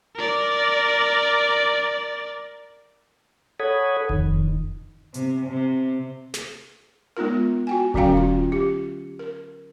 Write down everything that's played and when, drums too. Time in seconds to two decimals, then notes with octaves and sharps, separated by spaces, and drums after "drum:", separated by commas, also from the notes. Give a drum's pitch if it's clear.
0.16 A#4 D5
3.60 A4 C#5 F#5 B5 D#6 G#6
4.09 F2 D#3, drum: kick E1
5.14 C3, drum: hi-hat
5.48 C3
6.34 drum: snare
7.17 G#3 B3 D#4 F4 A#4
7.67 F#4 G5 G#5
7.94 D3 F#3 C#4 F#4 F5 G5, drum: kick E1
8.17 F4
8.52 G4
9.19 A#4